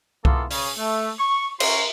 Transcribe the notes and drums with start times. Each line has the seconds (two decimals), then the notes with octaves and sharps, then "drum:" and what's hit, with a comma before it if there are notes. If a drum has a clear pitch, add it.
0.25 G#3 A#3 B3 E4 F4 A4, drum: kick C2
0.51 C#3 C#4, drum: open hi-hat
0.78 A3
1.19 C#6
1.60 C#4 F#4 C5 A#5 C6, drum: cymbal